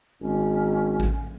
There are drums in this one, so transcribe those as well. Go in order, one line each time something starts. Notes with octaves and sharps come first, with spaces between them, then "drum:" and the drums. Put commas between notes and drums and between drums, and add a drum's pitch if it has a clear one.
G#1 C#4
drum: kick A1